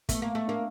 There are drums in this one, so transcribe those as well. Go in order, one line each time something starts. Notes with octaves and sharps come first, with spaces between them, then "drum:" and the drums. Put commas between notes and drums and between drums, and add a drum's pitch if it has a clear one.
A3 B3, drum: kick, hi-hat
A#3
A3
A#3 D4